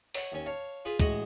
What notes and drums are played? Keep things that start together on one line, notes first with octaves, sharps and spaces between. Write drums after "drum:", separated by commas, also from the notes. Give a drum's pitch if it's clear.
C#5 F#5, drum: open hi-hat
D#2 C#4
C#5 F5 A5
F4 G#4 B4
A1 G#3 F#4 G#4 D#5 F#5, drum: kick, hi-hat